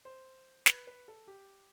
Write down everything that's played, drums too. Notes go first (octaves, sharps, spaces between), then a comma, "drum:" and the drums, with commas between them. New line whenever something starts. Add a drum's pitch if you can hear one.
C5
B4, drum: snare
B4
A4
G4